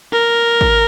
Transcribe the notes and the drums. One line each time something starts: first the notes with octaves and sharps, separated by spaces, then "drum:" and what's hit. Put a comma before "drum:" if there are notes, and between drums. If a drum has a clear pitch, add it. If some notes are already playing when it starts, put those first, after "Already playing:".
A#4
drum: kick G#1